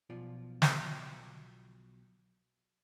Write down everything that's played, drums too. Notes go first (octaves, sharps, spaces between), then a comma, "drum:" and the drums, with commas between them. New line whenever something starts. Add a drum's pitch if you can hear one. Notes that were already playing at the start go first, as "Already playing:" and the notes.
B1 B2 F3 F4 D5
drum: snare